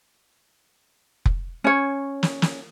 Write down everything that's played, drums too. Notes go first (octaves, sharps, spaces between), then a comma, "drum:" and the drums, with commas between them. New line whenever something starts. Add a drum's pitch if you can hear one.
drum: kick F1
C#4 C#5
drum: snare
drum: snare